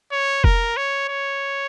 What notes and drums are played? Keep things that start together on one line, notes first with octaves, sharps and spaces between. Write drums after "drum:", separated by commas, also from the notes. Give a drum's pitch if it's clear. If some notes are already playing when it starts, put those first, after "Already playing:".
C#5
A#4, drum: kick F1
C#5
C#5